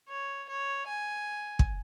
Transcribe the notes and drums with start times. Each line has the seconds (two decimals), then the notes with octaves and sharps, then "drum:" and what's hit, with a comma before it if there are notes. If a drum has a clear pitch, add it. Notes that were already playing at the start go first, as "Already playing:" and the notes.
0.09 C#5
0.49 C#5
0.87 G#5
1.59 drum: kick